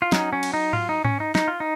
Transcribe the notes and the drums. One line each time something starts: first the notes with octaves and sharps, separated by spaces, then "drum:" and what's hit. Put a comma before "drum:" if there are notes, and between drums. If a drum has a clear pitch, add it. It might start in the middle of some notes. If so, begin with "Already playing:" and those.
F4
F#3 C#4 D#4, drum: snare
C#4
drum: cymbal
D#4
F4, drum: tom G#2
D#4
C#4, drum: tom G#2
D#4
D#4, drum: snare
F4
D#4